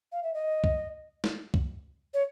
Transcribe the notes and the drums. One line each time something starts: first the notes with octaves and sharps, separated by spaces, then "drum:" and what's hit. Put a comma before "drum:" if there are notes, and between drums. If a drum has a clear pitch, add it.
F5
E5
D#5
drum: kick C2
drum: snare
drum: kick C2
C#5